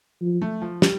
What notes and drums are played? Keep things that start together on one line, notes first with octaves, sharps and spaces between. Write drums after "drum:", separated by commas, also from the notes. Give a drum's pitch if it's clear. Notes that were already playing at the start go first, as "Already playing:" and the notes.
F3
A3
F3
G3, drum: snare